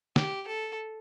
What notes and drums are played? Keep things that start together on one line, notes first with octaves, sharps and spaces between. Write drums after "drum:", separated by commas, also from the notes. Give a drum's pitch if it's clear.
G4, drum: snare
A4